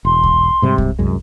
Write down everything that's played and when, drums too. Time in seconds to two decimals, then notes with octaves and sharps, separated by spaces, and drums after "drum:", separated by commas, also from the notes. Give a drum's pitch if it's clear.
0.05 E1 C6
0.23 drum: kick B1
0.62 G#2 C3 G3
0.78 drum: kick B1
0.99 C2 F#2 G#3